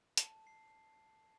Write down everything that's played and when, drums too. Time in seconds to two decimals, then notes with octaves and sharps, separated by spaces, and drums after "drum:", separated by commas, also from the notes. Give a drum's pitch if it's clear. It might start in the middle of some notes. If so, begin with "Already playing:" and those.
0.17 A5, drum: hi-hat
0.47 C7